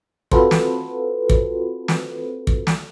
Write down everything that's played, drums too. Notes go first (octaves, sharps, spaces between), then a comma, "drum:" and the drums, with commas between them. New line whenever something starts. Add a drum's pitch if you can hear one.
C4 F4 F#4 A4 B4 C5, drum: kick
drum: snare
drum: kick
drum: snare
drum: kick
drum: snare